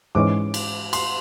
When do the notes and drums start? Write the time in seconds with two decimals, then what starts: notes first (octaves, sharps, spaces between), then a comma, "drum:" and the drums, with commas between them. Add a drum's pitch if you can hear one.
0.15 G#2 E3 G#3 C#4 D6
0.54 drum: cymbal
0.93 C6, drum: cymbal